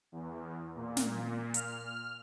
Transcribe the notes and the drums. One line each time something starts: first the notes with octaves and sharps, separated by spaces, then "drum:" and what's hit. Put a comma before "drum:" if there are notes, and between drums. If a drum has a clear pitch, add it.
E2
A#2
drum: snare
F6, drum: hi-hat